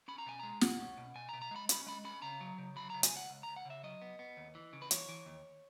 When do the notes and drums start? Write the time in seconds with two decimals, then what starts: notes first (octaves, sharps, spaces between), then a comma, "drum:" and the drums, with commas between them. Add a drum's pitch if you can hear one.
0.08 C#4 B5
0.18 A#5
0.26 B2 G#5
0.39 G#3 A#5
0.61 B2 F#5, drum: snare
0.80 C#4
0.97 B2
1.15 B2 G#5
1.29 A#5
1.33 B2
1.42 A#5
1.51 G#3 B5
1.69 C#4 B5, drum: hi-hat
1.86 G#3 B5
2.05 C#4 B5
2.22 C#3 A#5
2.40 F#3
2.58 C#3
2.76 F#3 B5
2.90 C#3 A#5
3.03 G#5, drum: hi-hat
3.12 C#2 F#5
3.30 C#2
3.43 C#2 A#5
3.56 F#5
3.65 C#3 E5
3.83 F#3 D#5
4.02 B3
4.19 B3
4.37 D#2
4.55 E3
4.73 C#3
4.82 B4
4.91 E3 C#5, drum: hi-hat
5.09 E3
5.26 D#2